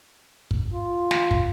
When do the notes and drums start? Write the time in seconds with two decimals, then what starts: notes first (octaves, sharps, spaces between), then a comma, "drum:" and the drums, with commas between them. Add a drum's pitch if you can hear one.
0.51 drum: kick
0.71 F4
1.11 drum: snare
1.31 drum: kick